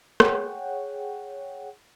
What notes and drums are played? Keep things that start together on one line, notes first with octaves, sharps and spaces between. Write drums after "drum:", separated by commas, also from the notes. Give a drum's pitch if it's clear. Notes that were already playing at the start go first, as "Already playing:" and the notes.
G#4 C#5 F#5 G5, drum: rim click